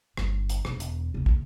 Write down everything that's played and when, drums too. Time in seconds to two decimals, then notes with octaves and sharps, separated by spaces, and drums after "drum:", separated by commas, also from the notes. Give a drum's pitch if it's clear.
0.17 G1 G3, drum: rim click
0.50 drum: hi-hat
0.65 E1 E2, drum: rim click
0.80 drum: hi-hat
1.14 C#3 A#3
1.26 drum: kick